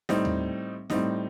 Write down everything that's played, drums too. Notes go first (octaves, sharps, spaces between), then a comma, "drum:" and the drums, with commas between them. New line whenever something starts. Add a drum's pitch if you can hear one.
A2 G3 C4 D#4, drum: snare
drum: tom D#2
A2 G3 C4 D#4, drum: snare